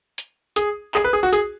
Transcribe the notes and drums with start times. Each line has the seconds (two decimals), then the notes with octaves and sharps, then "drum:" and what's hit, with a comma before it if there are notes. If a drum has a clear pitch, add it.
0.18 drum: hi-hat
0.56 G#4, drum: hi-hat
0.95 G#4, drum: clap
1.04 B4
1.13 G#4
1.23 F#4
1.33 G#4, drum: hi-hat